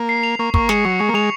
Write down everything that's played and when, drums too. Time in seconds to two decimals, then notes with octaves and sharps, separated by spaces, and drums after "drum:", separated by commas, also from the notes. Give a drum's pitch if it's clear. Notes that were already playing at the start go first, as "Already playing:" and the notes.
Already playing: A#3
0.09 C7
0.23 F7
0.39 A#3 C#6
0.54 A#3 C#6, drum: kick
0.69 G#3 C#7, drum: snare
0.85 F#3 C#6
1.00 G#3 C#6
1.09 A#3
1.14 G#3 F7